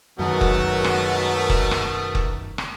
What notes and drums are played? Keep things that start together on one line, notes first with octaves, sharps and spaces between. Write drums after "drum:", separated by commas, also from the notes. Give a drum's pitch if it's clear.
F#2 B2 D#3 F#3 G#3 A3 F#4 A#4
drum: kick F1
drum: rim click
drum: kick F1
drum: rim click
drum: kick F1
drum: rim click